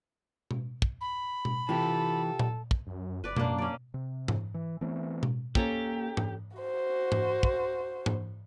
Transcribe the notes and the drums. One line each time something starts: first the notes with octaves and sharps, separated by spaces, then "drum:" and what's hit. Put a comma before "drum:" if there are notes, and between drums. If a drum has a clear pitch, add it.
drum: tom B2
drum: kick
B5
drum: tom B2
C3 E3 F4 G4 A4
drum: tom A#2
drum: kick
F#2
F#1 B4 D5
F#2 A#3 D4, drum: tom B2
C#4 D5
C3
drum: tom G#2
E3
E3 A3 B3 C4
drum: tom B2
A#3 C#4 G4 A4 A#5, drum: kick
drum: tom G#2
F#4 C5
drum: tom G#2
drum: kick
drum: tom G#2